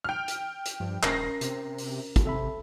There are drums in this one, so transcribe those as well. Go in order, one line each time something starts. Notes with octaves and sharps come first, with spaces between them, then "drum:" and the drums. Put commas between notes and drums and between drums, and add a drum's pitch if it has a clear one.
G5 F6
drum: hi-hat
drum: hi-hat
G2 F3
D#1 C#4 A#4 A#6 C7, drum: clap
C3, drum: hi-hat
drum: open hi-hat
drum: kick, hi-hat
C3 A4 E5 B5